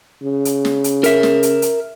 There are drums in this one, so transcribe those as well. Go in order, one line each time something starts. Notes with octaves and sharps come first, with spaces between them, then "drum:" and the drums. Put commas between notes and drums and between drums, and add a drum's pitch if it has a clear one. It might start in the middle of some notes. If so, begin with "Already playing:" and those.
C#3
drum: hi-hat
drum: snare
drum: hi-hat
A#4 E5, drum: hi-hat
drum: snare
drum: hi-hat
drum: hi-hat